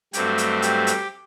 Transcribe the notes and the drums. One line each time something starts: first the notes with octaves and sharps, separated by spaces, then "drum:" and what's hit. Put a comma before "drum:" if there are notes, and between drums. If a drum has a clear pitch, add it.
G2 F#3 A3 C4 G4, drum: hi-hat
drum: hi-hat
G4, drum: hi-hat
drum: hi-hat